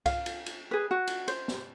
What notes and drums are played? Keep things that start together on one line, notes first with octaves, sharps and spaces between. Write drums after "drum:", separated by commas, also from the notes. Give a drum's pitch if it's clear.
F5, drum: kick C2, cymbal
drum: cymbal
drum: cymbal
G#4 B4
F#4
drum: cymbal
C5, drum: cymbal
drum: snare